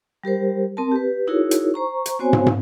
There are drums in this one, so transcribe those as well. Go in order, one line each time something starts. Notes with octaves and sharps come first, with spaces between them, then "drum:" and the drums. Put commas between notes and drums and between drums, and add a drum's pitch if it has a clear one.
G3 G4 A#4 C5
C4 A#4 A5
G4 B4
D#4 E4 F#4 G#4 A#4 C#5
drum: hi-hat
C5 A#5 C#6
drum: hi-hat
B3 C4 F#4 C5 C#5 G#5
drum: tom
drum: tom